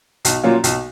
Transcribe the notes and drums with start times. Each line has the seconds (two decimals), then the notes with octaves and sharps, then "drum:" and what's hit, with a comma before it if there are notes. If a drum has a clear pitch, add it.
0.25 B1, drum: hi-hat
0.44 A#2 F#3 C#4 F4
0.64 B1, drum: hi-hat